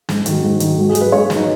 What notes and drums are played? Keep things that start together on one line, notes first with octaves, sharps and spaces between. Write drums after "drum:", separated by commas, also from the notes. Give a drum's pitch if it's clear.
G#2, drum: snare
D#3 F#3, drum: hi-hat
G#2
D#3 F#3, drum: hi-hat
G#2 F#4
G#4
F#3, drum: hi-hat
B4
G#2 C#5
F#3, drum: snare
D#4